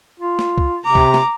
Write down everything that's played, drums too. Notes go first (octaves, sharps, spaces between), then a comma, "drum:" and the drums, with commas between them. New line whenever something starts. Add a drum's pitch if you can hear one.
F4
drum: snare
drum: kick
C3 A#5 D6
drum: kick
drum: snare